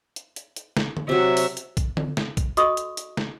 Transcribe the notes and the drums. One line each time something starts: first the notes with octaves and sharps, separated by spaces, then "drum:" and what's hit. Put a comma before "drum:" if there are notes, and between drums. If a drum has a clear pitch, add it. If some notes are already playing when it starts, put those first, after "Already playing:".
drum: hi-hat
drum: hi-hat
drum: hi-hat
drum: snare
drum: tom D3
C3 F#3 F#4 E5
drum: open hi-hat
drum: hi-hat
drum: kick A#1, hi-hat
drum: tom D3
drum: snare
drum: kick A#1, hi-hat
F#4 A4 D#5 C#6 D#6, drum: hi-hat
drum: hi-hat
drum: hi-hat
drum: snare